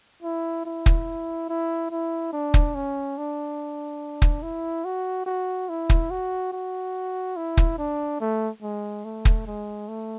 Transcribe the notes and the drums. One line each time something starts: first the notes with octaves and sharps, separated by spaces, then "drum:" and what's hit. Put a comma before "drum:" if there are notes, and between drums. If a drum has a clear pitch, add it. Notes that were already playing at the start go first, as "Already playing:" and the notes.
E4
E4
drum: kick
E4
E4
D4
drum: kick
C#4
D4
drum: kick
E4
F#4
F#4
E4
drum: kick
F#4
F#4
E4
drum: kick
D4
A3
G#3
A3
drum: kick
G#3
A3